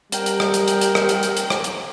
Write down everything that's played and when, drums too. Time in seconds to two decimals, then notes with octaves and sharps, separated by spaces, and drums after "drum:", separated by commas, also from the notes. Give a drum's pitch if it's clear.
0.12 G3 A#4 G5, drum: hi-hat
0.26 drum: hi-hat
0.40 drum: rim click
0.54 drum: hi-hat
0.68 drum: hi-hat
0.81 drum: hi-hat
0.95 drum: rim click
1.09 drum: hi-hat
1.23 drum: hi-hat
1.37 drum: hi-hat
1.50 drum: rim click
1.64 drum: hi-hat